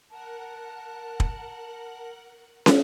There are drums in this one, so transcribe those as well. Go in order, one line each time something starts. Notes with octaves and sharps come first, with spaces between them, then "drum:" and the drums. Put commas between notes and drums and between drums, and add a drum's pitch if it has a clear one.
A#4 F#5 A5 F#6
drum: kick
drum: snare